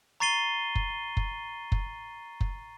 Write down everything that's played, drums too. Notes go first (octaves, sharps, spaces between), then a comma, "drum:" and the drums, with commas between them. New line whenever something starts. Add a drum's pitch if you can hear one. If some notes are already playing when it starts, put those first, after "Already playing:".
A#5 C#6 A6 C7 D#7 G7
drum: kick F#1
drum: kick F#1
drum: kick F#1
drum: kick F#1